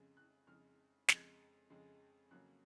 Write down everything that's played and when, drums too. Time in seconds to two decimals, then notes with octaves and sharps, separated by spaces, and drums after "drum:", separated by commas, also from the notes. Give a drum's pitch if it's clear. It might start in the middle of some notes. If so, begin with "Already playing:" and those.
Already playing: F2 C#3 G#3
0.17 F#6
0.47 F2 C#3 G#3 F6
1.08 F2 C#3 G#3, drum: snare
1.70 F2 C#3 G#3
2.31 F2 C#3 F#3 A#3 F#6